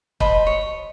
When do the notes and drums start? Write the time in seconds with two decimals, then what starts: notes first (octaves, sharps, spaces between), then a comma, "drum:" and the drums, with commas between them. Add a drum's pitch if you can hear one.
0.20 C5 D#5 A5 B5, drum: kick
0.47 C#5